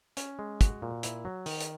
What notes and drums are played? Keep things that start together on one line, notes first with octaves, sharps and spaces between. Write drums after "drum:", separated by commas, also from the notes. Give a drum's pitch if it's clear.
C#4, drum: hi-hat
G#3
F#4, drum: kick, hi-hat
A#2
E4, drum: hi-hat
F#3
D#3, drum: open hi-hat
drum: hi-hat